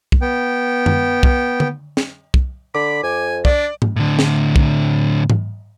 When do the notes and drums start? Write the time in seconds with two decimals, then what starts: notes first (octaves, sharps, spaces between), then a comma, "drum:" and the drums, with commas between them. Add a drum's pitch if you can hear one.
0.12 drum: kick
0.21 B3 G5
0.86 drum: tom
1.23 drum: kick
1.60 drum: tom D3
1.97 drum: snare
2.34 drum: kick
2.75 D3 B5 D6
3.03 F2 G#5
3.45 D4 D5, drum: kick
3.82 drum: tom G#2
3.96 A2 D3
4.19 drum: snare
4.56 drum: kick
5.30 drum: tom G#2